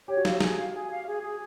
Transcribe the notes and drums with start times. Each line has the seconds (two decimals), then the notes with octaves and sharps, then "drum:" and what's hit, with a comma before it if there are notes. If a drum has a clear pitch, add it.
0.08 G4 C#5
0.17 F#4
0.25 G4 F5, drum: snare
0.40 G#4, drum: snare
0.58 F5
0.74 G#4
0.90 F5
1.07 G#4
1.23 G#4